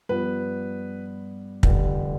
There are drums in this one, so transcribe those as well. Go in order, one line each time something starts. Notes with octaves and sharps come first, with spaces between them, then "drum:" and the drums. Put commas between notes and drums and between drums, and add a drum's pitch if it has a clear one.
G2 F3 B3 B4
F1 F2 D3 G3, drum: kick